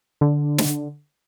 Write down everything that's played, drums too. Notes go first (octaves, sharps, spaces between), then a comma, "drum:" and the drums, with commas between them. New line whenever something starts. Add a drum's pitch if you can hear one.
D3
drum: snare